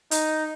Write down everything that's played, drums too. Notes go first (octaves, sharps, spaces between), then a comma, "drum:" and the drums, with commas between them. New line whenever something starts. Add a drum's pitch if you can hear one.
D#4, drum: hi-hat